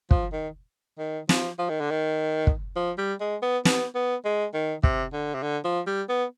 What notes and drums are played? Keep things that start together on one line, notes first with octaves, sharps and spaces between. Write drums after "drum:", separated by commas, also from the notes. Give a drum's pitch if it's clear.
F3, drum: kick
D#3
D#3
F3, drum: snare
F3
D#3
D3
D#3
drum: kick
F3
G3
G#3
B3
B3, drum: snare
B3
G#3
D#3
C3, drum: kick
D3
C3
D3
F3
G3
B3